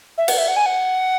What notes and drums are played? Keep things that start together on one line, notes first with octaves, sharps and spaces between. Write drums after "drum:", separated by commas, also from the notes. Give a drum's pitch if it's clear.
E5
F#5, drum: cymbal
E5
F#5
G#5
F#5